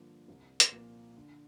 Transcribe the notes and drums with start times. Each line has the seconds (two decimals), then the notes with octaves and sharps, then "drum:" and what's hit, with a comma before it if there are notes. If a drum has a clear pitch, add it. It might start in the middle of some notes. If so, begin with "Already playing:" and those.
Already playing: G2 D3 F3 A#3
0.28 C2
0.60 drum: hi-hat
0.72 A#2 F3 A#3
1.16 D3